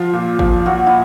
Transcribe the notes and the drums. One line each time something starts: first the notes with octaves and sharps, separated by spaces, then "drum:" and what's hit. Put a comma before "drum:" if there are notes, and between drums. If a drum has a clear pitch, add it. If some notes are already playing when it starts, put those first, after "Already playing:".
Already playing: F3 F4
A#2
F3, drum: kick G#1
A#2 F#4
E4